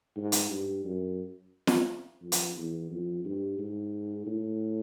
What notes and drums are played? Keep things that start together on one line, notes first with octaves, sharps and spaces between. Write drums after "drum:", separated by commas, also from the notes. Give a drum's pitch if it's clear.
G#2
drum: hi-hat
G2
F#2
drum: snare
F2
drum: hi-hat
E2
F2
G2
G#2
A2